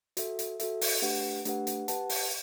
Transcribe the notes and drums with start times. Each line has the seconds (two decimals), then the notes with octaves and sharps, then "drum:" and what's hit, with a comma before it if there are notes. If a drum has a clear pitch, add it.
0.17 F#4 A4 E5, drum: hi-hat
0.39 drum: hi-hat
0.60 F#4 A4 E5, drum: hi-hat
0.81 drum: open hi-hat
1.02 A3 D4 G4 B4 F#5
1.45 A3 D4 G4 B4 F#5, drum: hi-hat
1.67 drum: hi-hat
1.88 G4 B4 F#5 A5, drum: hi-hat
2.09 drum: open hi-hat